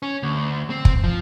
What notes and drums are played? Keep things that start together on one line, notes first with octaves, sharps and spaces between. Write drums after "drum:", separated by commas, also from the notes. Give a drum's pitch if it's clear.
C#4
D2
C4
drum: kick
F3